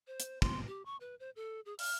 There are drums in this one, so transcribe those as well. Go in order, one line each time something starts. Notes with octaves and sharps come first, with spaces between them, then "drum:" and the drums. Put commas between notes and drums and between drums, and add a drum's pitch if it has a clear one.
C5
drum: hi-hat
C6, drum: kick
G4
C#6
B4
C5
A4
G#4
F6, drum: open hi-hat